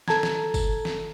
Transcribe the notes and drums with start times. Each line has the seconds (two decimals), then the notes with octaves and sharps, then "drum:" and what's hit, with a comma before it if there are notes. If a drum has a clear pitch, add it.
0.08 A4 A5 A#5 G#6, drum: snare
0.23 drum: snare
0.54 drum: kick G1, tambourine
0.85 drum: snare